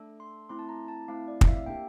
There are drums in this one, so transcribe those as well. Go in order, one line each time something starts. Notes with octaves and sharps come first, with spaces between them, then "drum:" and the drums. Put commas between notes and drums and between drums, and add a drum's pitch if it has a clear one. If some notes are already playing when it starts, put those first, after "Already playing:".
Already playing: A3 D4 A4
C6
A3 C4 E4 C6
A5
A#5
A5
A3 C4 E4 F5
D5
F5, drum: kick
E5
A#3 D4 G4 G5